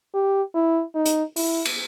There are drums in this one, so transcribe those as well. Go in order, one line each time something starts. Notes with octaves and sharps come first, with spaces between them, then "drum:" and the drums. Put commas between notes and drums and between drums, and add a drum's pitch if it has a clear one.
G4
E4
D#4
drum: hi-hat
E4, drum: open hi-hat
drum: cymbal